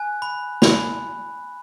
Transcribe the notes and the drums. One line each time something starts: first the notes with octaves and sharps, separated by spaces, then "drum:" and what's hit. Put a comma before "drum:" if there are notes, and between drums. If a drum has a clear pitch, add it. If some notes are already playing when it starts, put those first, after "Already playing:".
Already playing: G#5 F#6
B5
B5, drum: snare